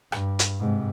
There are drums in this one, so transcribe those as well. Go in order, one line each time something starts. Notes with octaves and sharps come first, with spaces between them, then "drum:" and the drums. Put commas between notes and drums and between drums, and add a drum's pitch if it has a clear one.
G2, drum: rim click
drum: hi-hat
G#2 C3